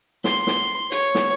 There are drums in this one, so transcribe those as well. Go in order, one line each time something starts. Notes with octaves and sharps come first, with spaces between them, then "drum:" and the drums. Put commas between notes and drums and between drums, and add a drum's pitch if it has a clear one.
C6, drum: snare
drum: snare
C#5, drum: hi-hat
drum: snare